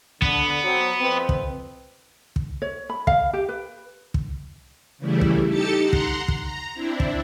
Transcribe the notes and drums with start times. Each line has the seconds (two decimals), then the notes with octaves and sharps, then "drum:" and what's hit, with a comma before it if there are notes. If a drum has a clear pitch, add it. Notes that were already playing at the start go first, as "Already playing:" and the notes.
0.22 D3 B3, drum: kick
0.64 F#3 C4
1.00 F2 C4 B4
1.29 drum: kick
2.36 drum: kick
2.62 C#5
2.90 B5
3.07 F5, drum: kick
3.33 G4
3.49 B4
4.14 drum: kick
4.98 C#3 E3 G3 A3 E4
5.21 drum: kick
5.48 D#4 G4 A4 A5 A6 C#7
5.82 F#5 A#5 C6
5.93 drum: kick
6.28 drum: kick
6.40 A#5
6.74 C4 D4 E4
7.00 drum: kick